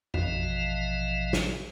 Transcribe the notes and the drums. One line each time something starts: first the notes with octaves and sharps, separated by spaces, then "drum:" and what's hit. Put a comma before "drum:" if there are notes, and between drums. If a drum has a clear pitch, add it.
A1 B2 E3 F3 D#5 F5, drum: tom F2
drum: snare